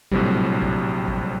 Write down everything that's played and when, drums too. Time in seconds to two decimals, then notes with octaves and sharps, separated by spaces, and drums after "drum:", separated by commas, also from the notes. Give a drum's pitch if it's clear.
0.11 A#1 A2 C3 F#3 G3, drum: kick G#1
0.62 drum: kick G#1
1.08 drum: kick G#1